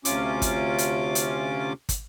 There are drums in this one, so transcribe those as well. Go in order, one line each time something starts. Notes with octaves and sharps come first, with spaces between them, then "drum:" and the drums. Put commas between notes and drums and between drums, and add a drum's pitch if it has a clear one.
D2 C3 C#4 F4 D6, drum: hi-hat
drum: kick, hi-hat
drum: hi-hat
drum: hi-hat
drum: kick, hi-hat